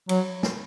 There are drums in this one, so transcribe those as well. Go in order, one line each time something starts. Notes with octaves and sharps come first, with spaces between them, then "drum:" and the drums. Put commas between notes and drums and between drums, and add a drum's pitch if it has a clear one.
F#3, drum: cymbal
drum: snare